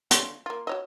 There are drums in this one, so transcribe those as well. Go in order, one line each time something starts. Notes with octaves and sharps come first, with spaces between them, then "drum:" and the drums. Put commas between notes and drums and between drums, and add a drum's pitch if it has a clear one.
D3 F4 F#4, drum: hi-hat
A#3 F4
F#4 C#5 D#5